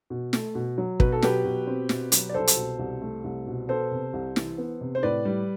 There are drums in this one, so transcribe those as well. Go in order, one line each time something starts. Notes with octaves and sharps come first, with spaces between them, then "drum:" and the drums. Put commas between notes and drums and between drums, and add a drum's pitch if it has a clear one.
B2
A3, drum: snare
B2
F#3
B2 B4, drum: kick
A4
F#3 G4 B4, drum: snare
B2
C4
B2, drum: snare
F#3, drum: hi-hat
D5
C2 A4 C5
drum: hi-hat
B2
C2
A3
C2
B2
B3 A4 C5
C3
C2
E3, drum: snare
B3
C3
C5
A2 B4 D5
G3